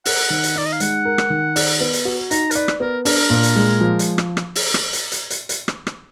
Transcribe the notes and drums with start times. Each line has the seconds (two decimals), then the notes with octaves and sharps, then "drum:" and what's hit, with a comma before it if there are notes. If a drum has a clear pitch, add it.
0.05 A#4 F#5, drum: open hi-hat
0.30 D#3
0.43 drum: hi-hat
0.56 D#4 D5
0.65 D#5
0.73 F5
0.80 G#3 F#5, drum: hi-hat
1.05 A#4
1.18 drum: rim click
1.30 D#3
1.56 D5, drum: open hi-hat
1.80 B3
1.93 drum: hi-hat
2.05 F#4
2.31 D#4 A#5, drum: hi-hat
2.51 A#4, drum: hi-hat
2.55 B4 D5
2.68 drum: rim click
2.80 B3 A#4
3.05 D4 A#4, drum: open hi-hat
3.30 A#2
3.43 drum: hi-hat
3.56 G#3
3.81 F3
3.99 drum: hi-hat
4.18 drum: rim click
4.37 drum: rim click
4.55 drum: open hi-hat
4.74 drum: rim click
4.93 drum: hi-hat
5.12 drum: hi-hat
5.30 drum: hi-hat
5.49 drum: hi-hat
5.68 drum: rim click
5.87 drum: rim click